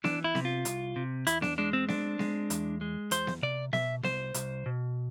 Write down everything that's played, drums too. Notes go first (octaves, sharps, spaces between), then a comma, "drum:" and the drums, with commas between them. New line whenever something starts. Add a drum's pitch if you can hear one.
E3 D4, drum: snare B3
E4
C3, drum: snare B3
F4
C2, drum: hi-hat
C3
E2 E4, drum: hi-hat
D4, drum: snare B3
G#3 D4
C4
C4 D4, drum: snare B3
G#3, drum: snare B3
E2, drum: hi-hat
G#3
E2 C5, drum: hi-hat
drum: snare B3
C3 D5
B2 E5, drum: snare B3
C2 C5, drum: snare B3
C2, drum: hi-hat
B2